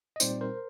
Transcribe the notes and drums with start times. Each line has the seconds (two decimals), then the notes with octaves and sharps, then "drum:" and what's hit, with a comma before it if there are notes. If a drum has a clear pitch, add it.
0.16 D#5
0.20 A#2 G3 C4 D#4 C5 D5, drum: tambourine
0.41 A#4 C5